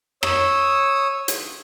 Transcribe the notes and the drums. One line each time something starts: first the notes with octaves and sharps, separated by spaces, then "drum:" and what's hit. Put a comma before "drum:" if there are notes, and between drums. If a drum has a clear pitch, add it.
C#5 D#6 E6, drum: rim click
drum: hi-hat